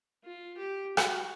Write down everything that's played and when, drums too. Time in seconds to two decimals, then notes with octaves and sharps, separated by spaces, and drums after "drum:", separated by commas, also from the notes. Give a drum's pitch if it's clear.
0.24 F4
0.58 G4
0.97 F#4, drum: rim click